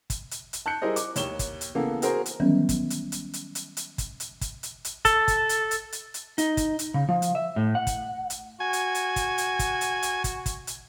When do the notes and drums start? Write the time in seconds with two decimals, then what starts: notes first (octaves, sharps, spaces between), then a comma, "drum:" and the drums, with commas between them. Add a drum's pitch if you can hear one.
0.10 drum: kick, hi-hat
0.31 drum: hi-hat
0.53 drum: hi-hat
0.66 A5 F#6 G6 C#7
0.82 G3 E4 G#4 A#4 C5 D#5
0.96 D6, drum: hi-hat
1.16 D#2 C#5 E7 G7, drum: hi-hat
1.39 drum: kick, hi-hat
1.61 drum: hi-hat
1.75 C#3 E3 A#3 B3 A4
2.02 F#4 G#4 A#4 C5, drum: hi-hat
2.26 drum: hi-hat
2.40 D#3 E3 F#3 G3 B3 C#4
2.69 drum: kick, hi-hat
2.90 drum: hi-hat
3.12 drum: hi-hat
3.33 drum: hi-hat
3.55 drum: hi-hat
3.77 drum: hi-hat
3.98 drum: kick, hi-hat
4.20 drum: hi-hat
4.41 drum: kick, hi-hat
4.63 drum: hi-hat
4.85 drum: hi-hat
5.05 A4, drum: kick, hi-hat
5.28 drum: kick, hi-hat
5.49 drum: hi-hat
5.71 drum: hi-hat
5.92 drum: hi-hat
6.14 drum: hi-hat
6.38 D#4, drum: hi-hat
6.57 drum: kick, hi-hat
6.79 drum: hi-hat
6.94 C#3
7.09 F3
7.22 drum: hi-hat
7.35 E5
7.56 A2
7.75 F#5
7.87 drum: kick, hi-hat
8.30 drum: hi-hat
8.60 F#4 G#5
8.73 drum: hi-hat
8.95 drum: hi-hat
9.16 drum: kick, hi-hat
9.38 drum: hi-hat
9.59 drum: kick, hi-hat
9.81 drum: hi-hat
10.02 drum: hi-hat
10.24 drum: kick, hi-hat
10.46 drum: kick, hi-hat
10.67 drum: hi-hat